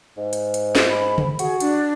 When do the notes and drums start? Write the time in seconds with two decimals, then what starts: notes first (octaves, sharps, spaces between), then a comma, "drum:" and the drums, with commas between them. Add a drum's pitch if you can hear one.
0.17 G#2
0.33 drum: hi-hat
0.54 drum: hi-hat
0.75 drum: snare
0.89 B5
1.18 drum: tom C#3
1.39 F#4 G#4, drum: hi-hat
1.60 D4, drum: hi-hat